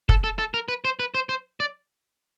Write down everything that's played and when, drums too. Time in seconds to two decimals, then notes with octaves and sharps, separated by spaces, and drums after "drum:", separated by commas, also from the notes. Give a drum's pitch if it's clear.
0.09 A4, drum: kick
0.24 A4
0.39 A4
0.54 A#4
0.68 B4
0.85 C5
0.99 B4
1.15 C5
1.29 C5
1.60 D5